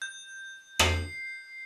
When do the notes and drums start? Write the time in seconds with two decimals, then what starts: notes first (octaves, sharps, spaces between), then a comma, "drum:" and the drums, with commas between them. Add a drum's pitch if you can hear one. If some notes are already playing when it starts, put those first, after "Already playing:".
0.02 G6
0.79 C7, drum: rim click